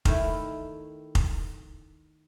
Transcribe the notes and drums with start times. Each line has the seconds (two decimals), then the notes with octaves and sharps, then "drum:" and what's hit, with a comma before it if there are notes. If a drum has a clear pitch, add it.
0.05 D#3 A3 E4, drum: kick F1
1.15 drum: kick F1